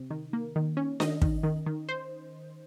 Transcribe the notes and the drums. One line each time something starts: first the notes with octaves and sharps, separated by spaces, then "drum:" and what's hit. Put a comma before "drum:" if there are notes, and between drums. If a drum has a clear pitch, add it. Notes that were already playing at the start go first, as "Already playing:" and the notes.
Already playing: C3
D#3
A#3
D#3
C#4
D#3 D#5, drum: snare D4
D#3, drum: kick
D#3
D#3
C5